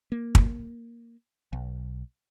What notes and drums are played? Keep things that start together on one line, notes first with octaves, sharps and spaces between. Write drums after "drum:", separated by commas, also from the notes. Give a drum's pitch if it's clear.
A#3
drum: kick
B1